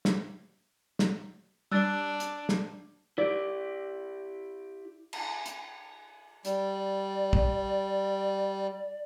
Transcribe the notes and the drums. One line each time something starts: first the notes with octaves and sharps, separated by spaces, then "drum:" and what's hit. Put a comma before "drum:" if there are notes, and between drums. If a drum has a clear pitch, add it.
drum: snare
drum: snare
G3 D4 E6 F#6 A6
drum: hi-hat
drum: snare
E4 G4 D5
drum: cymbal
drum: hi-hat
G3 D5, drum: hi-hat
drum: kick